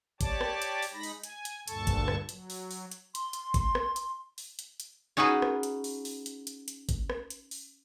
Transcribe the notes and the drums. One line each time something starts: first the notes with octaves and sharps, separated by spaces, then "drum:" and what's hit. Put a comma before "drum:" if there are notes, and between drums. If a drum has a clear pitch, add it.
G4 C#5 D5 A5 D6, drum: kick, hi-hat
drum: rim click
drum: hi-hat
drum: open hi-hat
G#3 D#4 B5 A#6
drum: open hi-hat
G#5, drum: hi-hat
drum: hi-hat
D2 G2 A#2 A4 A5 C#6, drum: hi-hat
drum: kick, hi-hat
drum: rim click
F#3, drum: hi-hat
drum: open hi-hat
drum: open hi-hat
drum: hi-hat
C6, drum: hi-hat
drum: hi-hat
drum: kick, hi-hat
drum: rim click
drum: hi-hat
drum: open hi-hat
drum: hi-hat
drum: hi-hat
C#4 D#4 F#4 G#4 B4
drum: rim click
drum: hi-hat
drum: open hi-hat
drum: open hi-hat
drum: hi-hat
drum: hi-hat
drum: hi-hat
drum: kick, hi-hat
drum: rim click
drum: hi-hat
drum: open hi-hat